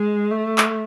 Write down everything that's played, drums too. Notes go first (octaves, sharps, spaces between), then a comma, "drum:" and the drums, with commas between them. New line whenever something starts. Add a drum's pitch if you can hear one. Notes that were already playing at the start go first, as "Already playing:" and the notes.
Already playing: G#3
A3
drum: clap